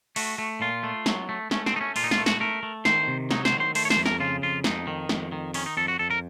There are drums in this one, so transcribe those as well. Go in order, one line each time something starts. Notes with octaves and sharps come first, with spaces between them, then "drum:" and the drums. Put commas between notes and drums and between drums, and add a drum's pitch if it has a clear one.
A3 F#4, drum: open hi-hat
A3
A#2 F4
A3
F#3, drum: snare
A3
A3 C#4, drum: snare
C4, drum: snare
A3 D#4
C#4
A#2 F4, drum: open hi-hat
D#4
F4, drum: snare
A3
F#4, drum: snare
A3 A#4
A3
D#3 C5, drum: snare
C3
F#3 D#4, drum: snare
C5, drum: snare
D#3
C5
A3 C5, drum: open hi-hat
C#5
C5, drum: snare
F2
A#4, drum: snare
C#3 F4
F2 F4
F2 D#4, drum: snare
D#3
F2, drum: snare
D#3
D#3 C#4, drum: open hi-hat
D#4
F2 A4
F#4
F2 A4
A#4